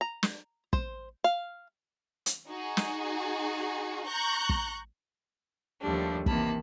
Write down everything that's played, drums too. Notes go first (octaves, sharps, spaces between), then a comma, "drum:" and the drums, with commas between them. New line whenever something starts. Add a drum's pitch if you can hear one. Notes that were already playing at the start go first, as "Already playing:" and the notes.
A#5
drum: snare
C5, drum: kick
F5
drum: hi-hat
D#4 F#4 G#4
drum: snare
A#5 C#6 F#6 G6
drum: kick
D#2 F3 G3 A3 D4
C3 D#3 E3 A#3 A5 B5, drum: kick